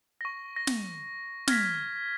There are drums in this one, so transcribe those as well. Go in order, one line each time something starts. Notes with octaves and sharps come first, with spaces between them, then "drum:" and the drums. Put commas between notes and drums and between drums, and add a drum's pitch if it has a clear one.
C#6 A#6
A#6
drum: snare
F6 G#6 A#6 B6, drum: snare